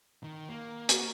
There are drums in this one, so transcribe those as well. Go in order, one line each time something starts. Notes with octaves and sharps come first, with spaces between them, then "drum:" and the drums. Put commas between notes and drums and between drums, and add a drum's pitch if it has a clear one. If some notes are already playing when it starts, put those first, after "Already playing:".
D#3
A#3
F#4, drum: hi-hat